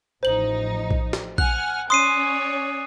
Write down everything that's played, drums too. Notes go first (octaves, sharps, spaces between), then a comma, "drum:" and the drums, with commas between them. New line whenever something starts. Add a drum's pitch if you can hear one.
A1 F3 D#4 C5 F#7
drum: kick A#1
drum: snare
F#5 G#5 F6 F#6, drum: kick A#1
C#4 C#5 D5 C6 D#6 C7 D#7